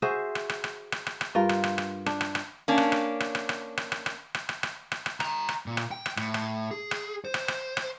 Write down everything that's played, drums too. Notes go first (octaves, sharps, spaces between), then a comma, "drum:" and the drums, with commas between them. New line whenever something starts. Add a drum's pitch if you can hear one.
F#4 G#4 C5 E5
drum: rim click
drum: rim click
drum: rim click
drum: rim click
drum: rim click
drum: rim click
G2 F4 A#4
drum: rim click
drum: rim click
drum: rim click
D4, drum: rim click
drum: rim click
drum: rim click
A#3 C#4 D4
drum: rim click
drum: rim click
drum: rim click
drum: rim click
drum: rim click
drum: rim click
drum: rim click
drum: rim click
drum: rim click
drum: rim click
drum: rim click
drum: rim click
drum: rim click
G5 A#5, drum: rim click
drum: rim click
A#2
drum: rim click
G5
drum: rim click
A2, drum: rim click
drum: rim click
G#4
drum: rim click
C5
drum: rim click
drum: rim click
drum: rim click